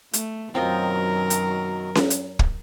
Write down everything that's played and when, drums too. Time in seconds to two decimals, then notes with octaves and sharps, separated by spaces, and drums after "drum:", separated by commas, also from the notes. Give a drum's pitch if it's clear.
0.13 A3, drum: hi-hat
0.55 F#2 B2 D#3 F#3 C4 F4 A#4 D#5
1.30 drum: hi-hat
1.95 drum: snare C#4
2.10 drum: hi-hat
2.39 drum: kick C#1